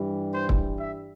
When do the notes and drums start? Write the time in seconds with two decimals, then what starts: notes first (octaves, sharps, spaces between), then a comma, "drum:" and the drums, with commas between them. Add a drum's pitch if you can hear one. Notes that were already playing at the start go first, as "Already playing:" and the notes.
Already playing: G2 E3 G3
0.34 C5
0.49 drum: kick
0.79 E5